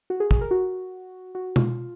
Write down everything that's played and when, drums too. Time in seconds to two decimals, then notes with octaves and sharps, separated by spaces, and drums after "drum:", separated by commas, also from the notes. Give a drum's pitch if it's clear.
0.10 F#4
0.20 G#4
0.31 G#4, drum: kick
0.41 A#4
0.51 F#4
1.35 F#4
1.56 F4, drum: tom B2